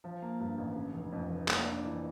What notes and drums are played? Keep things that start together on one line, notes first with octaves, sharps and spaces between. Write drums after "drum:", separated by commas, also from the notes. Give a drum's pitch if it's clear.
F3
A#3
G2
A1
C#3
F1
F2
F1
A#3, drum: clap
D4
E3